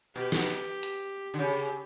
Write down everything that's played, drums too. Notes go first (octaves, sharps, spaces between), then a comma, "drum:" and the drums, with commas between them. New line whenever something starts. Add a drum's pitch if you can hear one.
B2 G4
drum: snare
drum: hi-hat
D3
C#3 G4